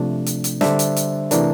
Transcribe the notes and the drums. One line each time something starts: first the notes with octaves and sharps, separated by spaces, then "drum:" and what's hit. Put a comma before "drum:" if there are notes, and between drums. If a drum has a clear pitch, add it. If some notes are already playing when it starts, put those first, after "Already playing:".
Already playing: C3 F3 A3 D4
drum: hi-hat
drum: hi-hat
D3 G3 D4 C5 E5, drum: snare
drum: hi-hat
drum: hi-hat
C3 E3 A3 D4 A#4 D5, drum: hi-hat